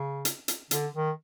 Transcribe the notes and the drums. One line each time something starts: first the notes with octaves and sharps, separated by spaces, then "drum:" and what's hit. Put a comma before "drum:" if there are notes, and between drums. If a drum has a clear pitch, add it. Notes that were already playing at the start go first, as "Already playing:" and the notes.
Already playing: C#3
drum: hi-hat
drum: hi-hat
D3, drum: hi-hat
D#3